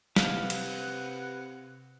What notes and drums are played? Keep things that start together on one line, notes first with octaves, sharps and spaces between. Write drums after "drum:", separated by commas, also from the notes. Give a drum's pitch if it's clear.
C3 B4 F5 F#5, drum: snare
drum: cymbal